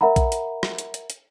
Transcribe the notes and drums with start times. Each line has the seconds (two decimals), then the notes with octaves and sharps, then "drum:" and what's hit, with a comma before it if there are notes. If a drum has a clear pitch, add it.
0.01 A#4 E5 F#5 A#5 B5
0.16 drum: kick A#1, hi-hat
0.32 drum: hi-hat
0.63 drum: rim click
0.78 drum: hi-hat
0.94 drum: hi-hat
1.10 drum: hi-hat